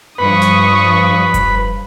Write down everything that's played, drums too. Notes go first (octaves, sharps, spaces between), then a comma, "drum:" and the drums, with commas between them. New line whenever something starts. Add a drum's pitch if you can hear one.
G2 F3 B4 B5 C#6 D#6
drum: snare
drum: kick F1, hi-hat